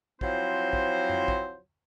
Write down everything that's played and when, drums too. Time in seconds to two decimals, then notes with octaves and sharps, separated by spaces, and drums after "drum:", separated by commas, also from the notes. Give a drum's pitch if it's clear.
0.21 F3 F#3 C4 E4 C5, drum: kick
0.73 drum: kick
1.09 drum: tom F#2
1.28 drum: kick